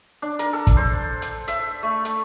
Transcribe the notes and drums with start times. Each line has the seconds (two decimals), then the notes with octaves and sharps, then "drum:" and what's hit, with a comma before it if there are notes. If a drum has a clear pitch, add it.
0.22 D4
0.39 A#4, drum: hi-hat
0.53 A4
0.67 drum: kick, hi-hat
0.77 C5
1.22 drum: hi-hat
1.48 E5, drum: hi-hat
1.83 A3
2.05 drum: hi-hat